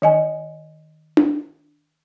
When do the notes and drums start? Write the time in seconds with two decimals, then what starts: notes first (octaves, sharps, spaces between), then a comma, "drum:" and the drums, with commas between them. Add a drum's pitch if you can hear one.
0.02 D#3 D#5 G#5
1.17 drum: tom D4